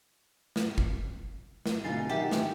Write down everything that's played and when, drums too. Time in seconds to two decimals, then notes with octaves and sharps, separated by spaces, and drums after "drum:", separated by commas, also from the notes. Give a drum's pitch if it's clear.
0.56 drum: snare
0.78 drum: kick
1.66 drum: snare
1.84 D1 B2 D#4 F4 G#5 A6 C7
2.09 D#3 E4 G4 E5 F#5
2.31 drum: snare